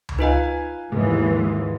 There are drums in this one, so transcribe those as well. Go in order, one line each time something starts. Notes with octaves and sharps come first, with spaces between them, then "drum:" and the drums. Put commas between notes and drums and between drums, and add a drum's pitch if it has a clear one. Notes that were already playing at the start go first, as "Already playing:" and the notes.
drum: tom C#2
D#4 F4 B4 D#5 F5 G#5
D#2 G#2 E3 G#3